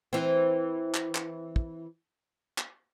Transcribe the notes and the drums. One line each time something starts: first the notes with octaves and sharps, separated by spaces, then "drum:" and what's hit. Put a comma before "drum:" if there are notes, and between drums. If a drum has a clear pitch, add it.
E3 C4
drum: clap
drum: clap
drum: kick
drum: clap